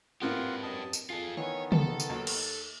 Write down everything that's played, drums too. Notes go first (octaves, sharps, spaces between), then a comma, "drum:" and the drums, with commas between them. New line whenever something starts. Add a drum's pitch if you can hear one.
A2 A#3 C4 F4 G4 B4 F#5
F#2 D#5 A5
drum: tambourine
F4 G#4 A4
D#3 E3 B3 C#5
A4 A5, drum: tom
drum: tambourine
D#2 F#3
drum: cymbal